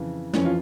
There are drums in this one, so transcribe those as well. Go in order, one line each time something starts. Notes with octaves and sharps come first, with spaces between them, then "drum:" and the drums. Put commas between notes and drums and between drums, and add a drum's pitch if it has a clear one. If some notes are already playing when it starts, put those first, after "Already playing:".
Already playing: F2 C#3 E3
F2 E3 C#4, drum: snare
F4